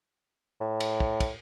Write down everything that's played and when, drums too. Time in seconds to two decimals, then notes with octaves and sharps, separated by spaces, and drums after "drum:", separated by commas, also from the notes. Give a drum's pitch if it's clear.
0.60 A2
0.80 drum: cymbal
1.00 drum: kick
1.20 drum: kick, cymbal